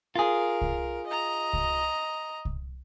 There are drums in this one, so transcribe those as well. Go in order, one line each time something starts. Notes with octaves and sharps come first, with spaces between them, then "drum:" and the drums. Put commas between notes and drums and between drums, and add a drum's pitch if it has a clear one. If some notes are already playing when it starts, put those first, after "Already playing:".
F4 G#4 A#4
drum: kick C2
D#5 A#5
drum: kick C2
drum: kick C2